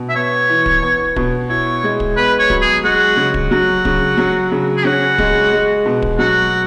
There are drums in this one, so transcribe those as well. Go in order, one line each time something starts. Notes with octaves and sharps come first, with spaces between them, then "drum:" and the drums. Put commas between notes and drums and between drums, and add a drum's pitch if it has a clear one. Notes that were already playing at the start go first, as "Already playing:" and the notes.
Already playing: B2
E5
B3 C#5
E3
drum: kick
B3
B2, drum: kick
E4 C#5
G#3
drum: kick
B3 B4
C#5
F#3, drum: kick
G#4
G#3 F#4
C#3
drum: kick
F#3 F#4
C#3, drum: kick
F#3
C#3
G#4
C#4 F#4
G#3, drum: kick
G#3
B2
drum: kick
F#3 F#4